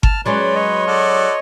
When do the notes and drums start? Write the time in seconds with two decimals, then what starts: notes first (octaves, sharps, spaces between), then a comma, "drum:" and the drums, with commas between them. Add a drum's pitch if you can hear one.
0.03 A5 F6, drum: kick G1
0.26 F#3 G#3 C#4 B4 C#5 D5 C6
0.55 C#5 D#5
0.87 F#4 A4 D5